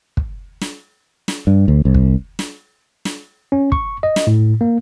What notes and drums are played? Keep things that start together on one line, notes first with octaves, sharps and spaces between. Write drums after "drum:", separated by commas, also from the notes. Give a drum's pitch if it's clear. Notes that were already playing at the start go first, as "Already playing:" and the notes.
drum: kick
drum: snare
drum: snare
G2
D2
C2
drum: kick
drum: snare
drum: snare
C#4
C#6, drum: kick
D#5
drum: snare
A2
A#3